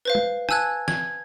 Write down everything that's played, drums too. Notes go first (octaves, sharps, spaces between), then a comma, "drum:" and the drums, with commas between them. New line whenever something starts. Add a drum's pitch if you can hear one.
B4 C5 F5
drum: tom
G#5 A5 E6 F#6 G#6, drum: rim click
G#6, drum: snare